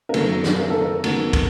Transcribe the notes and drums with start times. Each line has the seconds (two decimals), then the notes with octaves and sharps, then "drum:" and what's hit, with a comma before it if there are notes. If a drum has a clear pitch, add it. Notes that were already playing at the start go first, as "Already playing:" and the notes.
0.09 A#4
0.14 F#2 D#3 F#3 B3 A4, drum: cymbal
0.44 drum: snare
0.59 A#4
0.70 A4
0.81 A#4
1.04 F#2 D#3 F#3 B3, drum: cymbal
1.33 drum: kick, cymbal